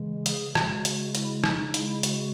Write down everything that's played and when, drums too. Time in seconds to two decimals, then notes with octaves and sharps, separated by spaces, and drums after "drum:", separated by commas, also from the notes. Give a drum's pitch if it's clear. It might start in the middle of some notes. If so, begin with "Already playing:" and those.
Already playing: C#3 E3 G#3
0.26 G#4, drum: hi-hat
0.55 C#3 G#3 F#4, drum: rim click
0.85 drum: hi-hat
1.15 E4, drum: hi-hat
1.44 D#4, drum: rim click
1.74 C#3 G#3 E4, drum: hi-hat
2.03 F#4, drum: hi-hat